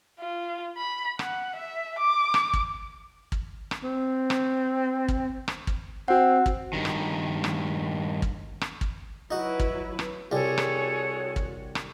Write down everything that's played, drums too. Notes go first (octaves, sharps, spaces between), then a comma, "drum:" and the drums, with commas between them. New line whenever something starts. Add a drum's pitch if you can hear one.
F4
B5
F#5, drum: rim click
E5
D6
drum: rim click
drum: kick
drum: kick
drum: rim click
C4
drum: rim click
drum: kick
drum: rim click
drum: kick
C4 F#4 F#5
drum: kick
G2 D#3
drum: rim click
drum: rim click
drum: kick
drum: rim click
drum: kick
F#3 D#4 E4 F#4 B4
drum: kick
drum: rim click
C2 G3 F#4 G#4 A4 C#5
drum: rim click
drum: kick
drum: rim click